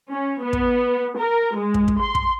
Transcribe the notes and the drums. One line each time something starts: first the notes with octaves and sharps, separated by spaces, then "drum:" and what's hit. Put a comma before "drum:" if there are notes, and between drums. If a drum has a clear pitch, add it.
C#4
B3
drum: kick
A#4
G#3
drum: kick
drum: kick
C6
drum: kick